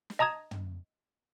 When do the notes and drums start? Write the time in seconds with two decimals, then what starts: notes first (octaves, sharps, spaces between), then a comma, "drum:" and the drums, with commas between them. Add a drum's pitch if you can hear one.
0.10 drum: snare
0.19 D#5 A5 A#5 D#6 G#6
0.51 drum: tom